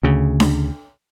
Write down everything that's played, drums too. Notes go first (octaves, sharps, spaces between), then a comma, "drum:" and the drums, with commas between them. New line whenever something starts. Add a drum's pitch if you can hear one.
D2 C#3
drum: snare D4